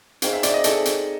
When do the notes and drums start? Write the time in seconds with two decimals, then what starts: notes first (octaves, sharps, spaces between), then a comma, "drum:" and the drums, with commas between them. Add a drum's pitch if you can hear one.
0.22 C4 D#4 G#4 F5, drum: hi-hat
0.33 E5
0.43 D5, drum: hi-hat
0.54 D#5
0.64 C4 D#4 G#4 A4, drum: hi-hat
0.85 drum: hi-hat